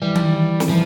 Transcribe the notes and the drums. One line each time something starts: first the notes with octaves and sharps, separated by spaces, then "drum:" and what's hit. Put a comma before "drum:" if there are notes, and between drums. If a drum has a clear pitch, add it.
E3 G3
drum: tom D#3
E3
drum: snare
E3 F3